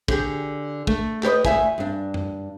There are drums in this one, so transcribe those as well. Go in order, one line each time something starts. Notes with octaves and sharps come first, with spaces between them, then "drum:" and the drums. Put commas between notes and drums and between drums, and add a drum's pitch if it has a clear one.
D3 G4 G#4, drum: kick
A3, drum: kick
G4 B4 C#5 D#5, drum: clap
D2 G#3 E5 G#5, drum: kick
G2 D4
drum: tom F#2